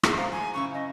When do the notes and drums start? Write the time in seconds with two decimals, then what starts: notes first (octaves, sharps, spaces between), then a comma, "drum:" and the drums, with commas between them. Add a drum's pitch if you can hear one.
0.03 G#4 E5 C7, drum: rim click
0.17 C5 F5 A#5
0.32 D#5 G#5
0.54 F#2 C#3 E4 C#6
0.73 D#5